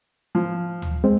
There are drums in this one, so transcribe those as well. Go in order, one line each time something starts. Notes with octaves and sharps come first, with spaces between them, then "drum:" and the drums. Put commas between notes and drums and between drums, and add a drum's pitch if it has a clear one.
F3
drum: tom D2
G#3 C4